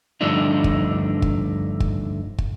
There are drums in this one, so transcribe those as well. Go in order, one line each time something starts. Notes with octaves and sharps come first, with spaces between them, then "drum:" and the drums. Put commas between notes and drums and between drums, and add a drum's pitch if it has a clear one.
G2 D3 F3 A3 D4 D#4
drum: kick
drum: kick
drum: kick
drum: kick